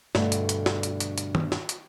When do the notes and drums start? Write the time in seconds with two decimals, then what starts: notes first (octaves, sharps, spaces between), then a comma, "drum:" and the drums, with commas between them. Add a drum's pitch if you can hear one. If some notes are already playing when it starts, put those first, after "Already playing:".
0.15 G2 B2 D3 A3, drum: snare
0.32 drum: hi-hat
0.49 drum: hi-hat
0.66 drum: snare
0.83 drum: hi-hat
1.00 drum: hi-hat
1.18 drum: hi-hat
1.35 drum: tom D#3
1.52 drum: snare
1.69 drum: hi-hat